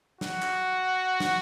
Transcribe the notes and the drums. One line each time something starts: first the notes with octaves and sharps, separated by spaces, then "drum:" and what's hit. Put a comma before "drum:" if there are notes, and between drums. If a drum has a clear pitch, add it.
F#4, drum: snare
drum: clap
drum: snare